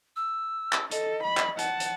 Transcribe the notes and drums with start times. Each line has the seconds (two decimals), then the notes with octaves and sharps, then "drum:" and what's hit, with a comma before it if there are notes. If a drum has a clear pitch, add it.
0.16 E6
0.73 drum: clap
0.91 A4 D#5, drum: hi-hat
1.24 B5
1.37 drum: clap
1.58 F#5 A5, drum: hi-hat
1.80 drum: hi-hat